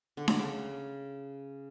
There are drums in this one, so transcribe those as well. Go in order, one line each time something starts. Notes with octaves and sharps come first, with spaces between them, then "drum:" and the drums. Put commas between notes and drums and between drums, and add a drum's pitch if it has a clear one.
D3
D3, drum: snare D4
C#3